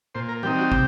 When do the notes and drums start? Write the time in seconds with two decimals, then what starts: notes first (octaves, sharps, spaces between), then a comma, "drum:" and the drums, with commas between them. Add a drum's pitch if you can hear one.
0.15 A#2 C5
0.29 A#4
0.43 G3 C4 D#4 G4, drum: tom E3
0.58 F#4
0.72 C3 G4, drum: kick